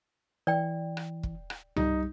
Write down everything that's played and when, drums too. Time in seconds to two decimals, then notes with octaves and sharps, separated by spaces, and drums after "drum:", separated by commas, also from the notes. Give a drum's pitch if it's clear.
0.47 E3 D5 G5
0.97 drum: rim click
1.23 drum: kick
1.50 drum: rim click
1.76 G3 D#4, drum: tom C2